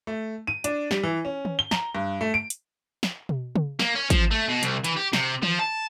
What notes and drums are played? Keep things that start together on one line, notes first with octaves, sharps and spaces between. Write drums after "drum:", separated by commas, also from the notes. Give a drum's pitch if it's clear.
A3
D#7
D4, drum: hi-hat
G3, drum: snare
E3
C#4
drum: tom D#3
G7
A#5, drum: snare
G2
A3
D7
drum: hi-hat
drum: snare
drum: tom B2
drum: tom C#3
A#3, drum: snare
C#4
F3, drum: kick, hi-hat
A3
B2
C2, drum: hi-hat
E3, drum: hi-hat
G4
C3, drum: snare
F3, drum: tom D#3
A5